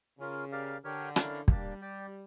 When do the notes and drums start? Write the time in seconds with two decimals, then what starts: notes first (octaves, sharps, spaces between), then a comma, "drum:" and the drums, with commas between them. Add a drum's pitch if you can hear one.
0.19 C#3 C#4 F4 A#4
0.52 G4 A#4 D5 F5
0.84 D3 G4 A#4 C#5 G5
1.16 C#4 E4 A#4 D5 F5, drum: rim click
1.48 G3 A#3 D4 G4 D5, drum: kick
1.81 G4 D5 G5